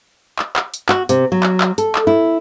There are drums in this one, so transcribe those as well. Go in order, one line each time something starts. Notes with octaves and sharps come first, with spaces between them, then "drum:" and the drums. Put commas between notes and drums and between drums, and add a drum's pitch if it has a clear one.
drum: clap
drum: clap
drum: hi-hat
F#4, drum: clap
C3, drum: hi-hat
F#3
drum: clap
drum: clap
A4, drum: hi-hat
drum: clap
E4